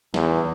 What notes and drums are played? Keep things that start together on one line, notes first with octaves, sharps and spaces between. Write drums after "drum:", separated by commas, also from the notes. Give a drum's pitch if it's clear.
E2, drum: snare